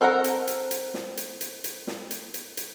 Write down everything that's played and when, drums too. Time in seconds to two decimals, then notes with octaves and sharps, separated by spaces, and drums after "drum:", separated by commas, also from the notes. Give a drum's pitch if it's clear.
0.01 C4 A4 A#4 F#5 A#5
0.24 drum: hi-hat
0.47 drum: hi-hat
0.71 drum: hi-hat
0.94 drum: snare
1.17 drum: hi-hat
1.41 drum: hi-hat
1.64 drum: hi-hat
1.87 drum: snare
2.11 drum: hi-hat
2.34 drum: hi-hat
2.57 drum: hi-hat